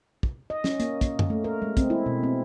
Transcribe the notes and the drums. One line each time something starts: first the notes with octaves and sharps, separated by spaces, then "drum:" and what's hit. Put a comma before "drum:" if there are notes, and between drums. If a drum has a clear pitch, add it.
drum: kick
D#5
C#4, drum: snare
A#3, drum: hi-hat
A#3, drum: kick, hi-hat
drum: tom F#2
A3
A#4
G#3
C4, drum: kick, hi-hat
E4
B2
C4